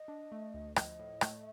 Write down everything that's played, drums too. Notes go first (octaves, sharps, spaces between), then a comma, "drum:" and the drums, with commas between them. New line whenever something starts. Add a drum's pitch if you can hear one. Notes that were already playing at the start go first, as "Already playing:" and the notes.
Already playing: D#5
D4
A3
D2
F3 D#5, drum: rim click
A2
A3, drum: rim click